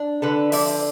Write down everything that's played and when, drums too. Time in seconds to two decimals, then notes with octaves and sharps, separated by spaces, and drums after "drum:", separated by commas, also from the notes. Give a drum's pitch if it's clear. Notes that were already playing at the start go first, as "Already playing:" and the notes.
Already playing: D4
0.22 D3 A4 B4
0.52 F3 D5 E5, drum: open hi-hat